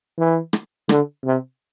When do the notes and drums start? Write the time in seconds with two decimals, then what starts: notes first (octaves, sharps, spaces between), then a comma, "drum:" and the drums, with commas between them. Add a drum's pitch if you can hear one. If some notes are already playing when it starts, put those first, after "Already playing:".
0.18 E3
0.53 drum: rim click
0.89 D3, drum: rim click
1.25 C3